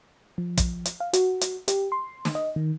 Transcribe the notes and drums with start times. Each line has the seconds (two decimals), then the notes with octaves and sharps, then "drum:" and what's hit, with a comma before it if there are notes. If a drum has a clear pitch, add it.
0.38 F3
0.57 drum: kick, hi-hat
0.85 drum: hi-hat
1.00 F5
1.13 F#4, drum: hi-hat
1.41 drum: hi-hat
1.68 G4, drum: hi-hat
1.92 C6
2.25 drum: snare
2.35 D#5
2.56 D#3